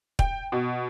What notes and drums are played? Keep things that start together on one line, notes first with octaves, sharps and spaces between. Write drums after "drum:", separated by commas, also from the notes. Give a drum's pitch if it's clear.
G5, drum: kick
B2